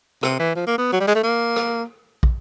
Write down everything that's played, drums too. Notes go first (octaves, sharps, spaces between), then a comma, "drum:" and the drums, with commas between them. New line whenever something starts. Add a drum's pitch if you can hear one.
C3, drum: rim click
E3
F3
A#3
B3
F#3
G3
G#3
A3
A#3
drum: rim click
drum: kick